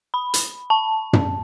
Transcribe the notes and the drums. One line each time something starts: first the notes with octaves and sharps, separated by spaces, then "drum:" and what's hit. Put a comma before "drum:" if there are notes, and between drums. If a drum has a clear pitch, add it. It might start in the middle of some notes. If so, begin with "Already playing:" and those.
B5
drum: hi-hat
A5
drum: tom